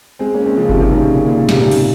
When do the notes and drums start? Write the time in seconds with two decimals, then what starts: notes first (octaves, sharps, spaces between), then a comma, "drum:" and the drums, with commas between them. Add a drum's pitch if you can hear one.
0.19 G#3 C4
0.34 A#3 C#4
0.46 G#3 C4
0.57 C#3 F3
0.69 C3 D#3, drum: kick G1
0.80 C3 D#3
0.91 A#2 C#3
1.04 A#2
1.14 A#2
1.26 A#2
1.37 A#2
1.49 G#2 C3, drum: snare
1.60 A#2 C#3
1.72 A#2, drum: cymbal